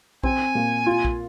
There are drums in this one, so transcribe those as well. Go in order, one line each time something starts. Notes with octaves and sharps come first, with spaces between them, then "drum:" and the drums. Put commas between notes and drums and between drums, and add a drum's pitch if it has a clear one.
C4 G#5, drum: kick A#1
A#2
F4
drum: kick A#1